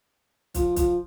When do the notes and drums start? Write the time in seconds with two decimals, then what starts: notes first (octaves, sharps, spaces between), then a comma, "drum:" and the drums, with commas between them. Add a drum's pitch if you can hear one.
0.54 F3, drum: kick, hi-hat
0.76 F3, drum: kick, hi-hat